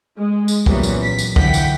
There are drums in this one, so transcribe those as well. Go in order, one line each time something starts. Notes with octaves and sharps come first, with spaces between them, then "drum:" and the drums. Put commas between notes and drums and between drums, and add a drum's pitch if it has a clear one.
G#3
drum: tambourine
A#2 E3 F#3 G3 B3 C#4, drum: kick
drum: tambourine
B6
drum: tambourine
D3 E3 F3 F#5 G5 B6, drum: kick
drum: tambourine